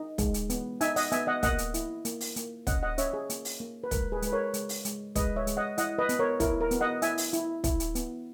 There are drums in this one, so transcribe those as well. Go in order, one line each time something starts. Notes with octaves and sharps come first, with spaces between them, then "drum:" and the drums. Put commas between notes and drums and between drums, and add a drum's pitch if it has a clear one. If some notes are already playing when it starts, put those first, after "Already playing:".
Already playing: D#4
G#3, drum: kick, hi-hat
drum: hi-hat
B3, drum: hi-hat
D#4 E5 G#5, drum: hi-hat
D#5 F#5, drum: open hi-hat
B3 E5 G#5, drum: hi-hat
D#5 F#5
A#3 D#5 F#5, drum: kick, hi-hat
drum: hi-hat
E4, drum: hi-hat
A#3, drum: hi-hat
drum: open hi-hat
A#3, drum: hi-hat
C#4 D#5 F#5, drum: kick, hi-hat
D#5 F#5
C#4 C#5 E5, drum: hi-hat
G#4
A#3, drum: hi-hat
drum: open hi-hat
A#3
B4
G#3 A#4, drum: kick, hi-hat
G#4 B4
G#3 B4, drum: hi-hat
A#4 C#5
G#3, drum: hi-hat
drum: open hi-hat
G#3, drum: hi-hat
G#3 B4 D#5, drum: kick, hi-hat
C#5 E5
G#3, drum: hi-hat
D#5 F#5
E4 D#5 F#5, drum: hi-hat
B4 D#5
B3, drum: hi-hat
A#4 C#5
E4 A#4, drum: kick, hi-hat
A#4
B3, drum: hi-hat
D#5 F#5
E4 E5 G#5, drum: hi-hat
drum: open hi-hat
E4, drum: hi-hat
E4, drum: kick, hi-hat
drum: hi-hat
B3, drum: hi-hat